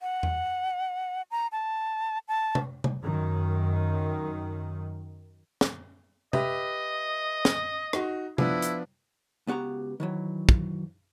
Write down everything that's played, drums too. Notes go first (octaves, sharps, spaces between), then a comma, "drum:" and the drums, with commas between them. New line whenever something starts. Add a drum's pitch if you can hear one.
F#5
drum: tom E2
A#5
A5
A5
drum: tom
drum: tom C3
F#2 D#3
drum: snare
G4 B4 D#5 E5, drum: tom
drum: snare
D#4 F#4, drum: rim click
F3 B3 D4 E4, drum: tom C3
drum: hi-hat
C#2 B3 F#4 G4 A#5
D#3 E3 F#3
drum: kick